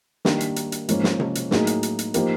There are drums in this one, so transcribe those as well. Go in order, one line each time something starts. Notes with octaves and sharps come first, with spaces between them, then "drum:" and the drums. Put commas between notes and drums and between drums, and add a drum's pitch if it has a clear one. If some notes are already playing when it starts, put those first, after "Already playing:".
D#3 G3 A#3 D4, drum: snare
drum: hi-hat
drum: hi-hat
drum: hi-hat
G#2 F3 A#3 C#4, drum: hi-hat
drum: snare
drum: tom C3
drum: hi-hat
A2 F#3 A#3 D#4 G#4, drum: snare
drum: hi-hat
drum: hi-hat
drum: hi-hat
F3 A#3 D#4 G4 A#4, drum: hi-hat